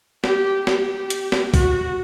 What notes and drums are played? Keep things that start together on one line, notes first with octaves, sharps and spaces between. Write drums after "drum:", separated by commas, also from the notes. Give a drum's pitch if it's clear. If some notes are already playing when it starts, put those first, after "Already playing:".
G4, drum: snare
G4, drum: snare
drum: hi-hat
drum: snare
F#4, drum: kick, open hi-hat